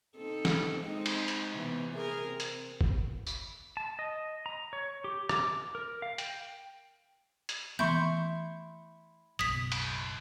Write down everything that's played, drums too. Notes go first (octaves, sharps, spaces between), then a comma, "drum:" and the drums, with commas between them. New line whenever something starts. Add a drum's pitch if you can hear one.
C4 D#4 A4
drum: snare
G#3 C4 D#4
drum: cymbal
drum: hi-hat
C3 E3 B3
G#4 A#4
C4
drum: hi-hat
drum: kick
drum: tambourine
A5
D#5
A#5
C#5
G4
D6, drum: rim click
A#4
F5
G5, drum: hi-hat
drum: hi-hat
E3 A3 B3 E4 C6 C#6 G6
F#1 B1 D#6 B6, drum: hi-hat
drum: cymbal